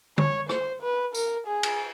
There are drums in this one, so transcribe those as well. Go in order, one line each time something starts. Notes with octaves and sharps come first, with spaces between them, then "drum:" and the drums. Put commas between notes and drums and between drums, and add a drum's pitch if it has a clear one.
C#5, drum: tom D3
C5, drum: rim click
B4
A#4, drum: tambourine
G#4
drum: cymbal